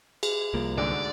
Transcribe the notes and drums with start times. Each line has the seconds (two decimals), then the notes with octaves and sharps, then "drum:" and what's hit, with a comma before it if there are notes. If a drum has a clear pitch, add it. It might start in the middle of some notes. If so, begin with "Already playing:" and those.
0.23 G#4, drum: cymbal
0.54 C2 F3 A#3
0.78 D2 G#2 D3 D5